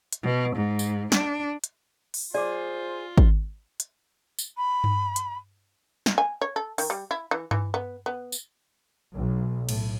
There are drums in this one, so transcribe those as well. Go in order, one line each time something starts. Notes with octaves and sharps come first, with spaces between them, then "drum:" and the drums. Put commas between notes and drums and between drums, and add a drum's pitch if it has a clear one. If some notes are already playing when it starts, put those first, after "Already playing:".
drum: hi-hat
B2
G#2
drum: tambourine
D4, drum: snare
drum: hi-hat
drum: open hi-hat
F4 G#4 C5 D5 D6
drum: kick G#1
drum: hi-hat
drum: tambourine
B5
drum: tom G2
drum: hi-hat
drum: snare
G#5
C#5
A4
D#3, drum: open hi-hat
G3
E4
E3
E3, drum: tom G2
B3
B3
drum: tambourine
B1
A2, drum: cymbal